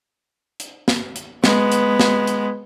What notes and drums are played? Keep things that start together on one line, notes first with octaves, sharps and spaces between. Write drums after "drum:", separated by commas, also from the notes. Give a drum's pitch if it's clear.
drum: hi-hat
drum: snare
drum: hi-hat
G#3 B3, drum: snare
drum: hi-hat
drum: snare
drum: hi-hat